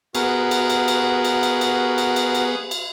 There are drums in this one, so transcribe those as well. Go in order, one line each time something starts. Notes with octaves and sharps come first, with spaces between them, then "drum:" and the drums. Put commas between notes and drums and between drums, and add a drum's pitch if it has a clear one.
B3 F#4 G#4 A#4, drum: cymbal
drum: cymbal
drum: cymbal
drum: cymbal
drum: cymbal
drum: cymbal
drum: cymbal
drum: cymbal
drum: cymbal
drum: cymbal
drum: cymbal